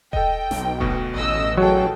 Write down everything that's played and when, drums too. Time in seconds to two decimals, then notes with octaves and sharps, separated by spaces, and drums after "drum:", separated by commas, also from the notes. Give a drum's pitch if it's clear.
0.13 A4 D#5 G5, drum: kick E1
0.51 B1, drum: snare
0.80 D2 B2 C#6, drum: kick E1
1.15 A1 D#5 E6
1.57 F#3 G#4 A4 G5